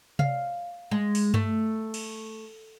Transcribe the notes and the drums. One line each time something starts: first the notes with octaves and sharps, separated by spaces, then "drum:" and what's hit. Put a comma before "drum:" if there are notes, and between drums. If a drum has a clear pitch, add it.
F5, drum: tom C3
G#3
drum: open hi-hat
A3, drum: tom G2
drum: cymbal